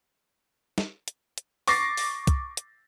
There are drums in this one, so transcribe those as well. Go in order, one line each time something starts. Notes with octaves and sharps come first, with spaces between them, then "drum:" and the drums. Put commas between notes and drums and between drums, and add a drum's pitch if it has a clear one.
drum: snare
drum: hi-hat
drum: hi-hat
C#6 D6 A6 A#6 C7, drum: open hi-hat
drum: open hi-hat
drum: kick, hi-hat
drum: hi-hat